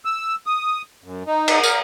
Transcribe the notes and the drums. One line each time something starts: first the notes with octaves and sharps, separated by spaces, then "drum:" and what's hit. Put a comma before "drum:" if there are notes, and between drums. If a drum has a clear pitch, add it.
E6
D#6
F#2
D#4
drum: cymbal
A#4, drum: tambourine